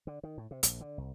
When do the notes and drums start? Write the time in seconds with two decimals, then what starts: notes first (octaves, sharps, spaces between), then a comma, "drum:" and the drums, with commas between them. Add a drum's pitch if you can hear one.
0.07 D3
0.23 D#3
0.38 A2
0.51 C3
0.63 A#1, drum: hi-hat
0.81 D3
0.98 C2